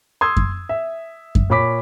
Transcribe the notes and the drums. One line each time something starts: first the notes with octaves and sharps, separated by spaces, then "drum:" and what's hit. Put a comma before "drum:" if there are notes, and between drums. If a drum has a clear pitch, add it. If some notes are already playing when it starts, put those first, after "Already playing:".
C6 D#6 E6 G#6
drum: kick F#2
E5
drum: kick F#2
A#2 C#5 B5 D6 B6